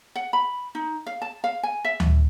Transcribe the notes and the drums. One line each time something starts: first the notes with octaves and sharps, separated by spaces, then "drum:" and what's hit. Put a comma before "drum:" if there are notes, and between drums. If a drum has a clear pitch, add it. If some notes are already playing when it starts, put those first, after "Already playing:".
F#5
B5
D#4
F5
A5
F5
G#5
E5
drum: tom D2